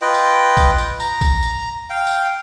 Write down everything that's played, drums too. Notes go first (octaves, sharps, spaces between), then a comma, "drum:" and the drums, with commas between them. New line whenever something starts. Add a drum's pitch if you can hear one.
F4 B4 D#5 G5
drum: tambourine
drum: kick, tambourine
drum: tambourine
A#5, drum: tambourine
drum: kick, tambourine
drum: tambourine
F5 G5
drum: tambourine